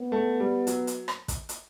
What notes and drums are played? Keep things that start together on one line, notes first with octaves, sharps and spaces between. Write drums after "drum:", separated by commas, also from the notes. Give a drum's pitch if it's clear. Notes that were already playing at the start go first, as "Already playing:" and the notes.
Already playing: B3
A3
G3
F#3, drum: hi-hat
drum: hi-hat
drum: rim click
drum: kick, hi-hat
drum: hi-hat